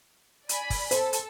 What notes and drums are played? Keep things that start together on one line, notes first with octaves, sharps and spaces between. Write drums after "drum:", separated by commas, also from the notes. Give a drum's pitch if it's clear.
D5 G#5 B5, drum: hi-hat
drum: kick, open hi-hat
A4 C5, drum: hi-hat
drum: hi-hat